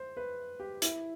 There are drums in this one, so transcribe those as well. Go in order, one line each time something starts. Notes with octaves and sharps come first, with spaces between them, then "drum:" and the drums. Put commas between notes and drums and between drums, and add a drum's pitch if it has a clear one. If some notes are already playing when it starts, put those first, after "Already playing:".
Already playing: C5
B4
G4
E4, drum: hi-hat